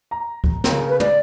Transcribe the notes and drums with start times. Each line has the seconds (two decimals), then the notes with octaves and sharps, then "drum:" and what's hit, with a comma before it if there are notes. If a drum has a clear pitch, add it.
0.11 A#5
0.44 drum: kick C#2
0.64 C#3 A#4, drum: snare
0.88 B4
1.00 D5, drum: tom